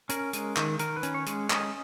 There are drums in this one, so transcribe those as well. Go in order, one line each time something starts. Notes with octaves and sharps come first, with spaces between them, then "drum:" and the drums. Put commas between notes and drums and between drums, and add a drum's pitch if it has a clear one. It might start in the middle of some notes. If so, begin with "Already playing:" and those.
C#4 A#4, drum: hi-hat
G#3, drum: hi-hat
D#3, drum: clap
D#3 A#4, drum: hi-hat
B4
C#4, drum: hi-hat
C#5
G#3, drum: hi-hat
C#4 D#5, drum: clap